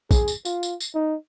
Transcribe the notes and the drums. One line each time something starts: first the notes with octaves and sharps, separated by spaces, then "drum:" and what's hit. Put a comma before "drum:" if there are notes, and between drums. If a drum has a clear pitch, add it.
G#4, drum: kick, tambourine
drum: tambourine
F4, drum: tambourine
drum: tambourine
drum: tambourine
D#4